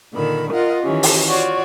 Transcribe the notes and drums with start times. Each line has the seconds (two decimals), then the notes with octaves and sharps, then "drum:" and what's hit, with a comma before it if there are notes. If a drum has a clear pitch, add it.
0.12 A#2 D3 D#3 B5
0.52 F4 A#4 D#5 F#5
0.84 D#3 E3 C#4 G4
1.03 drum: open hi-hat
1.28 F4 F#4 C#5 D5